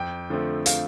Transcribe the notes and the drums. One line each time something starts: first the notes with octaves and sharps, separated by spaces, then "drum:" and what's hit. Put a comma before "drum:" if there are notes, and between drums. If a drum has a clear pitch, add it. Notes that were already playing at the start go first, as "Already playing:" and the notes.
Already playing: F2 G5
D3 F3 A3 C4
F5, drum: hi-hat